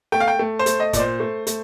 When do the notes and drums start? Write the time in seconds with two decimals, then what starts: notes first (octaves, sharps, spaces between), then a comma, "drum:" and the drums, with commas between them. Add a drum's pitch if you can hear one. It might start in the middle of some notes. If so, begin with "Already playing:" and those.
0.12 A3 G5
0.20 F5
0.28 G5
0.39 A3
0.59 C5
0.66 A3, drum: hi-hat
0.80 D#5
0.93 A#2 D5, drum: kick, hi-hat
1.00 C5
1.20 A3
1.47 A3, drum: hi-hat